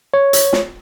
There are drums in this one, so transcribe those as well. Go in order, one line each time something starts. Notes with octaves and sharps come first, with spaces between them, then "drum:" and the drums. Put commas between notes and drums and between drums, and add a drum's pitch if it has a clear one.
C#5
drum: hi-hat
drum: snare